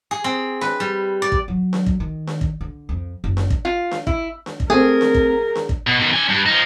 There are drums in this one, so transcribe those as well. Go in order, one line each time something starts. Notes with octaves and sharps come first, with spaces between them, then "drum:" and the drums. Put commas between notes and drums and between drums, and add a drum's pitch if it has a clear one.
G#4
C4
B4, drum: snare D4
G3
D5
drum: kick
F#3
drum: snare D4
drum: kick
D#3
drum: snare D4
drum: kick
D3
F2
F#1
drum: snare D4
drum: kick
F4
drum: snare D4
E4, drum: kick
drum: snare D4
drum: kick
A3 C4 G#4 A#4
drum: snare D4
drum: kick
drum: snare D4
drum: kick
B2
B2 D#3
D4 G#5
G2
F3 D#4